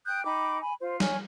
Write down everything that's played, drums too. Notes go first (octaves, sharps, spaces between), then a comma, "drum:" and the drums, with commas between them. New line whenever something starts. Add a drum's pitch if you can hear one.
G5 D#6 F#6 G6
D#4 G5 B5 D6
G#5 B5
F4 C5
C#5 G#5 F6, drum: snare